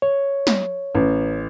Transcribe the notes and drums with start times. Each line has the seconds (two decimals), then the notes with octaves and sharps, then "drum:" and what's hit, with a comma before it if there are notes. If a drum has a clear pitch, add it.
0.02 C#5
0.47 drum: snare
0.95 A1